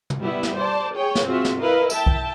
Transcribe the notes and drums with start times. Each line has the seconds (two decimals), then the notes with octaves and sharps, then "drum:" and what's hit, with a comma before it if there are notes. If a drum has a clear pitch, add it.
0.10 drum: tom
0.21 G3 B3 E4 E5
0.43 drum: snare
0.58 C5 D5 A5
0.94 G#4 C#5 G5
1.15 drum: snare
1.26 C4 F4 F#4 G#4 E5
1.45 drum: snare
1.61 E4 A#4 B4 D#5 F5
1.90 E5 G5 A5, drum: tambourine
2.06 drum: kick B1